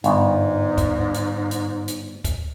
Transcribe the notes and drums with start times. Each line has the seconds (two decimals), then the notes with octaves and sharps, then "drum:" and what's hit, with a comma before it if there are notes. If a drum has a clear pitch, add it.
0.04 G1 G#2, drum: hi-hat
0.78 drum: kick, hi-hat
1.14 drum: hi-hat
1.51 drum: hi-hat
1.88 drum: hi-hat
2.24 drum: kick, hi-hat